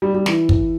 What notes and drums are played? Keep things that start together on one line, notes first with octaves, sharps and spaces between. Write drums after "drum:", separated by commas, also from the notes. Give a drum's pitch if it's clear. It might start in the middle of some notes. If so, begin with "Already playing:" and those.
G3
G3
E3, drum: snare
drum: kick